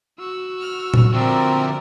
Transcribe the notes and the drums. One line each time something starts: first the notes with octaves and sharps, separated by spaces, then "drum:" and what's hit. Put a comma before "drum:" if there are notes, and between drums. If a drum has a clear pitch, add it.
F#4 E6
F6
drum: tom A#2
D3 F3 C4 A#4 D5 E5